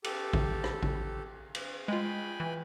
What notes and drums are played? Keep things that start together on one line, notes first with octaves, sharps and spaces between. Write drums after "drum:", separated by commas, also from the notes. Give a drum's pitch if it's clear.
G4 A4, drum: cymbal
drum: kick A1
drum: rim click
drum: kick A1
drum: cymbal
G#3 F4 G5 G#5 B5
E3